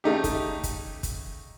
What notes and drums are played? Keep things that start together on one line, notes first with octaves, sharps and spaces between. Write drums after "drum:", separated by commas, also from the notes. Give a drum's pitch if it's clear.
C#3 A3 D#4 G4
drum: kick, hi-hat
drum: kick, hi-hat
drum: kick, hi-hat